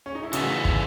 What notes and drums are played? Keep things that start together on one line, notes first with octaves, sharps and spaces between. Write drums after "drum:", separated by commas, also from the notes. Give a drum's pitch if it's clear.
C#4
D#4
E4
C#3 E3 A3 D#4 F#4, drum: hi-hat
drum: kick